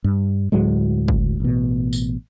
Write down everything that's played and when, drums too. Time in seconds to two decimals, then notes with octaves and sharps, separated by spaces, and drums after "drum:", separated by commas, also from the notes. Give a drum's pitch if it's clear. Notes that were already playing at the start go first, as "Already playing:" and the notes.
0.04 G2
0.52 D2 A2 F#3 G#3
1.08 drum: kick
1.40 A1 B2
1.93 drum: tambourine